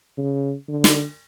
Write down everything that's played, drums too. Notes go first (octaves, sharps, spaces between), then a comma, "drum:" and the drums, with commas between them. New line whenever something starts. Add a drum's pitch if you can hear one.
C#3
D3
drum: snare